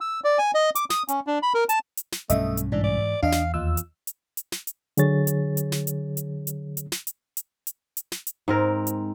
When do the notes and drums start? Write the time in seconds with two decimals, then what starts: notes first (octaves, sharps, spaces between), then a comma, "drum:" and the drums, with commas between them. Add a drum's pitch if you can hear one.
0.01 E6
0.24 D5
0.38 G#5
0.54 D#5
0.75 D6, drum: hi-hat
0.90 D#6, drum: snare
1.08 C#4, drum: hi-hat
1.27 D4
1.43 B5
1.54 A#4
1.69 A5, drum: hi-hat
1.97 drum: hi-hat
2.12 drum: snare
2.30 B1 G2 A3 C#4 D#5 E5, drum: hi-hat
2.57 drum: hi-hat
2.72 G#2 E3 D4
2.84 D5
3.23 E2 D4 D#5 F5
3.32 drum: snare
3.54 D#2 F4 E6
3.77 drum: hi-hat
4.07 drum: hi-hat
4.37 drum: hi-hat
4.52 drum: snare
4.67 drum: hi-hat
4.97 D3 F#3 G#4 C#5 A6, drum: hi-hat
5.27 drum: hi-hat
5.57 drum: hi-hat
5.72 drum: snare
5.87 drum: hi-hat
6.17 drum: hi-hat
6.47 drum: hi-hat
6.77 drum: hi-hat
6.92 drum: snare
7.07 drum: hi-hat
7.37 drum: hi-hat
7.67 drum: hi-hat
7.97 drum: hi-hat
8.12 drum: snare
8.27 drum: hi-hat
8.48 G#2 C4 A#4
8.87 drum: hi-hat